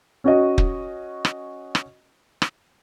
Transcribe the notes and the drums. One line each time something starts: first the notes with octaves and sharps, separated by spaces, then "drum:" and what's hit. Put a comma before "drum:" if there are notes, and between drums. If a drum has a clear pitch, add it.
C#4 F#4 D#5
drum: kick
drum: rim click
drum: rim click
drum: rim click